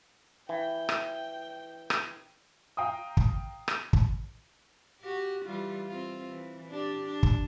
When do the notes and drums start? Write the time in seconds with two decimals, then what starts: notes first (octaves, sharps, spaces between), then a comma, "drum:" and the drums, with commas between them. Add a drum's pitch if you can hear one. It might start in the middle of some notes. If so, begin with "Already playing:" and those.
0.49 E3 G5
0.89 drum: rim click
1.90 drum: rim click
2.77 F5 G5 A#5 D#6
3.17 drum: kick
3.68 drum: rim click
3.93 drum: kick
5.01 F#4 G4
5.45 E3 G3 F4
5.88 C4 F4
6.29 E3
6.69 D4 G4 D5
7.05 D4
7.23 drum: kick